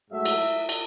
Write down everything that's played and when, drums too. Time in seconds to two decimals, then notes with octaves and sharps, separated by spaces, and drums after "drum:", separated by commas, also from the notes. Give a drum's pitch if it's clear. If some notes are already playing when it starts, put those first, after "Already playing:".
0.11 G#2 F#3 A3 E5
0.25 drum: cymbal
0.69 drum: cymbal